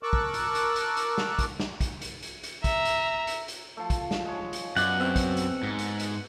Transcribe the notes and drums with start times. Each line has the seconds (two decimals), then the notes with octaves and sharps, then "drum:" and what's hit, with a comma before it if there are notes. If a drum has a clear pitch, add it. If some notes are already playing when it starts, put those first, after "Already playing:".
0.03 A#4 A5 C#6 D6 E6 F#6
0.13 drum: kick
0.34 drum: hi-hat
0.55 drum: hi-hat
0.76 drum: hi-hat
0.97 drum: hi-hat
1.18 drum: snare
1.39 drum: kick, hi-hat
1.60 drum: snare
1.81 drum: kick, hi-hat
2.01 drum: hi-hat
2.22 drum: hi-hat
2.43 drum: hi-hat
2.64 E5 A#5, drum: kick, hi-hat
2.85 drum: hi-hat
3.27 drum: hi-hat
3.48 drum: hi-hat
3.77 F3 A3
3.90 drum: kick, hi-hat
4.11 drum: snare
4.25 G#3 C#5
4.53 drum: hi-hat
4.76 F#2 B2 D5 F#5, drum: hi-hat
5.00 C4 E5 C#6
5.16 drum: kick, hi-hat
5.37 drum: hi-hat
5.63 G#2
5.79 drum: hi-hat
6.00 drum: hi-hat